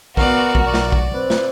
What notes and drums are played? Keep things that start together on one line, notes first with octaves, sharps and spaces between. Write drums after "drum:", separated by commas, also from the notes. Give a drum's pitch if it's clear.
B3 F#4 A#4 D5 F5, drum: kick A#1
drum: kick A#1
B1 D5
drum: snare
drum: kick A#1
C4 B4
drum: snare